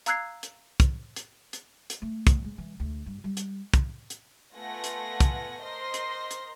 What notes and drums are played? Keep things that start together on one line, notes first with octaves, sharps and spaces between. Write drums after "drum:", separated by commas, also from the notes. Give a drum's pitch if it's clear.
F5 A#5 E6 F#6 G#6 C7, drum: hi-hat
drum: hi-hat
drum: kick, hi-hat
drum: hi-hat
drum: hi-hat
drum: hi-hat
A3
drum: kick, hi-hat
G#3
E3
D2
G2
G3
drum: hi-hat
drum: kick, hi-hat
drum: hi-hat
A3 B3 F4 F#5 G#5 A#6
drum: hi-hat
drum: kick, hi-hat
A#4 C5 D#5 C6 A#6
drum: hi-hat
drum: hi-hat